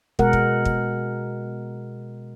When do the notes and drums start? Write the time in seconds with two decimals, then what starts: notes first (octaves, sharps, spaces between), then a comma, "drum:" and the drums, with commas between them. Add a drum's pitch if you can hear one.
0.19 B2 G#3 A#4 F#5, drum: kick
0.33 drum: kick
0.65 drum: kick